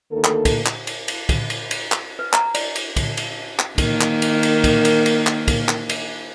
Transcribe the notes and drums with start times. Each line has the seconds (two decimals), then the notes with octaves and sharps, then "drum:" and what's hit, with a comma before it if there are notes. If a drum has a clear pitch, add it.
0.12 D2 D#3 A#3 A4
0.24 drum: clap
0.45 drum: kick, cymbal
0.66 drum: clap
0.87 drum: cymbal
1.08 drum: cymbal
1.29 drum: kick, cymbal
1.50 drum: cymbal
1.71 drum: cymbal
1.92 drum: clap
2.19 B4
2.33 A#5, drum: clap
2.55 D5, drum: cymbal
2.76 drum: cymbal
2.96 drum: kick, cymbal
3.17 drum: cymbal
3.59 drum: clap
3.78 D#3 A#3, drum: kick, cymbal
4.01 drum: clap
4.22 drum: cymbal
4.43 drum: cymbal
4.64 drum: kick, cymbal
4.85 drum: cymbal
5.06 drum: cymbal
5.27 drum: clap
5.48 drum: kick, cymbal
5.69 drum: clap
5.89 drum: cymbal